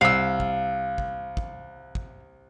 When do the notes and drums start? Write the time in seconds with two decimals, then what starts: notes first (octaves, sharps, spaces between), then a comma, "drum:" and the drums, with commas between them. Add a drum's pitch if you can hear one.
0.01 C2 F5 E6
0.40 drum: kick
0.98 drum: kick
1.37 drum: kick
1.95 drum: kick